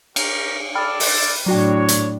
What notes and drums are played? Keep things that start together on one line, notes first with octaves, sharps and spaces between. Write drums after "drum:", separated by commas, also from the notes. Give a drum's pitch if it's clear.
C#4 G4 A#4, drum: cymbal
A4 D5 G5 B5 F6
drum: open hi-hat
A2 F#3 D4 F#4 C#5 G5
drum: hi-hat